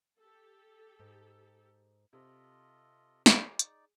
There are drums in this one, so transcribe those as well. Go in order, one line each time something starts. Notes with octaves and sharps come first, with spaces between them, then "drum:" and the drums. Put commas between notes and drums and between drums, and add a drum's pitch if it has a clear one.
G4 A4
G#2
C3 F4 A4 D#5
drum: snare
D#4 G#4 D5
drum: hi-hat